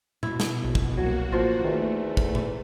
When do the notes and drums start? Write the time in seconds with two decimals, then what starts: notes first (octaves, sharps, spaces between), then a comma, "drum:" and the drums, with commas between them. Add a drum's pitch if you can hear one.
0.23 B2 E4, drum: tom A#2
0.40 drum: snare
0.64 A#1
0.75 drum: kick
0.97 C2 F#3 A#3 F#4
1.32 A1 F3 F4
1.64 E2 D#3 A3
2.17 drum: kick
2.35 drum: tom A#2